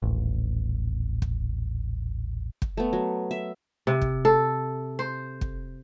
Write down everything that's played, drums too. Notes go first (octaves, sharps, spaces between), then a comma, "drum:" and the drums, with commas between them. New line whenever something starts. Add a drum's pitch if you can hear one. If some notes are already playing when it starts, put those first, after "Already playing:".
D#1 A1
drum: kick
drum: kick
A3 B3
F#3
E5
C3
drum: kick
A4
C5
drum: kick